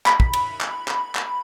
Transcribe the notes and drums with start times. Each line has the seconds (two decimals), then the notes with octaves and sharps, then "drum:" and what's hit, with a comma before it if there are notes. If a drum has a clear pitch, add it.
0.06 B5, drum: clap
0.20 drum: kick
0.33 drum: cymbal
0.61 drum: clap
0.88 drum: clap
1.15 drum: clap